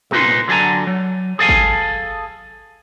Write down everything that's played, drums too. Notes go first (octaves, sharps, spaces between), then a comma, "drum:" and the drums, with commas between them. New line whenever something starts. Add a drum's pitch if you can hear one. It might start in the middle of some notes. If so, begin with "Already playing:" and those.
C2 A#2 D#4 B4 C6, drum: tom
D3 F#3 G#4 A4 G#5 A#5
F#3
G#4 A4 F5 G#5
drum: kick